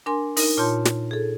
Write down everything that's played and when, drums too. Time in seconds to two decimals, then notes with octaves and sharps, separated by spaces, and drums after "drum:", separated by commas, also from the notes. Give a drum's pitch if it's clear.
0.06 D4 A#4 G#5 C6
0.37 D#4 A#4, drum: open hi-hat
0.57 A#2 F4 C#5 A5 C6 G6
0.85 drum: snare
1.11 G#4 A4